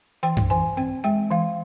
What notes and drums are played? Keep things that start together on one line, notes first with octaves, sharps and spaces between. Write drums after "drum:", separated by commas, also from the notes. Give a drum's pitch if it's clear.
E3 G5
drum: tom F#2
E3 G#5
C4 G5
G#3 G5
E3 F5